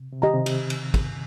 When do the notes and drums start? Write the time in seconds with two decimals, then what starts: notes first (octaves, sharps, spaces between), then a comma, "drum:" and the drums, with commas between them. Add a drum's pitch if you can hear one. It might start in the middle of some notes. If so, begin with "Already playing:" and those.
Already playing: C3
0.13 C3
0.22 D#3 G4 D#5 A#5
0.34 C3
0.46 C3, drum: cymbal
0.70 drum: cymbal
0.94 drum: kick, cymbal